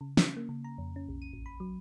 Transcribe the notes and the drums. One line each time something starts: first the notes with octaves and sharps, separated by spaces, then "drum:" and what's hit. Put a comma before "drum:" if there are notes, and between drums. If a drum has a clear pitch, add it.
C#3
C#4, drum: snare
A#3
C#3
A#5
F2
C#4
B1
D#7
A1
B5
F#3